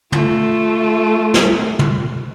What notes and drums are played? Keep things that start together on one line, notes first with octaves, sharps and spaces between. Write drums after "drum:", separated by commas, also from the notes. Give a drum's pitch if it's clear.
A3 F4, drum: tom
drum: snare
drum: tom